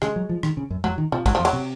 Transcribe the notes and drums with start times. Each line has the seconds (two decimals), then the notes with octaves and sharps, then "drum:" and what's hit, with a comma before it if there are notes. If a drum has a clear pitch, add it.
0.02 C#3 G#3, drum: rim click
0.16 F#3
0.29 F3
0.43 D#3, drum: rim click
0.57 C#3
0.70 F#2
0.84 F2 F#3, drum: tom
0.98 D#3
1.12 C3 F3
1.26 G#2 F#3, drum: kick, cymbal
1.35 F2 F3
1.45 F#3, drum: cymbal
1.53 C3